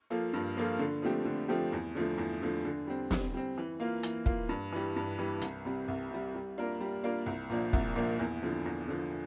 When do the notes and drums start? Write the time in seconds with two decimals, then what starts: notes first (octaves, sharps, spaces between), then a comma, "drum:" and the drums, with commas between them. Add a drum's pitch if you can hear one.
0.10 F3 A#3 F4 A4
0.33 G2
0.57 F3 A#3 F4 A4
0.79 D3
1.02 F3 A3 C4 G4
1.25 D3
1.49 F3 A3 C4 G4
1.73 E2
1.95 D3 F3 A3
2.18 E2
2.42 D3 F3 A3
2.65 D3
2.87 G3 C4
3.11 D3, drum: snare
3.34 G3 C4
3.58 E3
3.80 A#3 F4
4.03 E3, drum: hi-hat
4.26 A#3 F4, drum: kick
4.49 G2
4.72 E3 G3
4.96 G2
5.19 E3 G3
5.42 C2, drum: hi-hat
5.65 C3 G3
5.88 C2
6.10 C3 G3
6.35 G3
6.58 A#3 D4 F4 A#4
6.81 G3
7.03 A#3 D4 F4 A#4
7.26 C2
7.50 A#2 F3 A#3 D4
7.73 C2, drum: kick
7.96 A#2 F3 A#3 D4
8.20 E2
8.43 D3 F3
8.66 E2
8.88 D3 F3